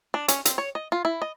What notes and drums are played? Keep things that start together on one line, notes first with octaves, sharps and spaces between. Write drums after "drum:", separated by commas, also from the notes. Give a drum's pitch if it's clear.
D4
C#4, drum: hi-hat
C4, drum: hi-hat
C#5
D#5
F4
E4
D#5